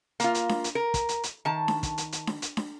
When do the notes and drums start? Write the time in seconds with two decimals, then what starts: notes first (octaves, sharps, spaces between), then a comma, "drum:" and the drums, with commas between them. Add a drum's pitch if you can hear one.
0.20 A#3 F4, drum: hi-hat
0.35 drum: hi-hat
0.49 drum: snare D4
0.64 drum: hi-hat
0.75 A#4
0.94 drum: kick, hi-hat
1.09 drum: hi-hat
1.23 drum: hi-hat
1.45 D#3 A5
1.68 drum: snare D4
1.83 drum: kick, hi-hat
1.98 drum: hi-hat
2.12 drum: hi-hat
2.27 drum: snare D4
2.42 drum: hi-hat
2.57 drum: snare D4